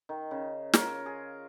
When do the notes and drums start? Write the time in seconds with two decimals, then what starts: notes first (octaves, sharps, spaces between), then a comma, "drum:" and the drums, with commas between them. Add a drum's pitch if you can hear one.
0.09 D#3
0.31 C#3
0.73 F4 A#4 C#5, drum: snare
1.06 G#4